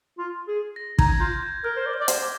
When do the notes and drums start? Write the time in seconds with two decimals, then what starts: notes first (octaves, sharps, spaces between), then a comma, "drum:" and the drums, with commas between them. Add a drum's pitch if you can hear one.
0.18 F4
0.48 G#4
0.76 A#6
0.99 D#4 G#6, drum: kick
1.20 F4 G6
1.42 G6
1.64 A#4 F6
1.76 C5
1.86 D5
1.94 F6
2.01 D5
2.08 C5, drum: hi-hat
2.23 D6